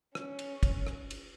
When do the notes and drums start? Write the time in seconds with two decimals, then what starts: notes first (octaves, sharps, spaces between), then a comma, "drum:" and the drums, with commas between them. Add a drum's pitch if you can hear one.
0.15 C#4, drum: rim click
0.39 drum: cymbal
0.63 drum: kick, cymbal
0.87 drum: rim click
1.11 drum: cymbal